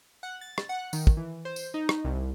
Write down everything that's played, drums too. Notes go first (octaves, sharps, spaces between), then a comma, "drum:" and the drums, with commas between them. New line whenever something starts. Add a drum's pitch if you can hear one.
F#5
A6
drum: rim click
F#5
D#3, drum: tambourine
drum: kick
E3
C5
drum: tambourine
D#4
drum: rim click
C2